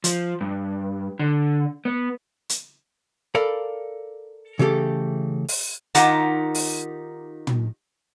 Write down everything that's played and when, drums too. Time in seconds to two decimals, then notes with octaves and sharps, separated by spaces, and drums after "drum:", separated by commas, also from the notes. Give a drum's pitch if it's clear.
0.04 F3, drum: hi-hat
0.41 G2
1.19 D3
1.85 B3
2.49 drum: hi-hat
3.35 A4 A#4 D5 F5 B5
4.59 C#3 E3 A3 G4 A4
5.48 drum: open hi-hat
5.95 D#3 D#4 F4 G4 F#5, drum: hi-hat
6.55 drum: open hi-hat
7.47 drum: tom